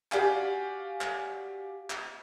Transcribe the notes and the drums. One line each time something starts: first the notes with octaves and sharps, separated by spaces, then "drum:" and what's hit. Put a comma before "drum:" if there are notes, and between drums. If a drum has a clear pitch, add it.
F#4 G4 D5 F5 G#5, drum: clap
drum: clap
drum: clap